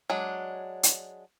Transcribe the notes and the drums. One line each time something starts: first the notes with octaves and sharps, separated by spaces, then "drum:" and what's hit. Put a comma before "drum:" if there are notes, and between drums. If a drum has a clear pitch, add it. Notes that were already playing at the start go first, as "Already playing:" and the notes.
F#3 G#3 D4
drum: hi-hat